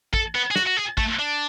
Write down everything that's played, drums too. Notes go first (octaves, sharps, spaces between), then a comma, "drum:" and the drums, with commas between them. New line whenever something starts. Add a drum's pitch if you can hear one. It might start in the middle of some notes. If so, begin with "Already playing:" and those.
A4, drum: kick
B3
G#4
F#4, drum: snare
F#4
G#4
A3, drum: kick
D4